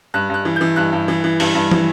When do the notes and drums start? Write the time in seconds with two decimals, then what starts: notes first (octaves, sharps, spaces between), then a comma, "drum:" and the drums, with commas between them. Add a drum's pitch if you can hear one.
0.14 G2 F#6
0.30 G2 F#6
0.45 E3
0.56 E3 G6
0.76 G2 F#6
0.93 G2
1.08 E3
1.24 E3
1.40 G2, drum: open hi-hat
1.55 G2
1.71 E3, drum: tom